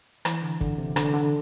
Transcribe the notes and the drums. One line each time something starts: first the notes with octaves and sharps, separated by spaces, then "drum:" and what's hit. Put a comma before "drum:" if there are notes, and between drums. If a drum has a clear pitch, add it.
E3, drum: rim click
D3
D3, drum: kick
C3
D3, drum: rim click
D3